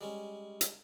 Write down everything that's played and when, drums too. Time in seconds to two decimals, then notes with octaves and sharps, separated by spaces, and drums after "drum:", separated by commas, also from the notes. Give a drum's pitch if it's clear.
0.01 G3 G#3 C#4
0.61 drum: hi-hat